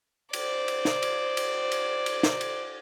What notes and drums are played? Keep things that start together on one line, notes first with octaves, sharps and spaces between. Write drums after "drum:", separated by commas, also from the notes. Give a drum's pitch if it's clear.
C5 D5, drum: cymbal
drum: cymbal
drum: snare
drum: cymbal
drum: cymbal
drum: cymbal
drum: cymbal
drum: snare
drum: cymbal